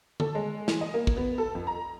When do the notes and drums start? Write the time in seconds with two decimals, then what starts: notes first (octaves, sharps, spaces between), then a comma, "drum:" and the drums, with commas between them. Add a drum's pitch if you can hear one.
0.20 A4, drum: tom D3
0.35 G#3
0.68 E3, drum: snare
0.81 D#5
0.94 A#3
1.07 drum: kick
1.17 B3
1.38 A4
1.55 F2
1.67 A#5